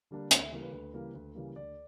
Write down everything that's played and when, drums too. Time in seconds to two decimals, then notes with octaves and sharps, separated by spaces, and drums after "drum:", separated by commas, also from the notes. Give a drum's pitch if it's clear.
0.11 D3 G3 A#3 D4
0.31 D2 F#5, drum: hi-hat
0.42 E5
0.52 C#3 E3 G3 A#3
0.63 B4
0.73 D2
0.94 C#3 E3 G3 A#3
1.14 D2
1.35 C#3 E3 G3 A#3
1.56 D2 D5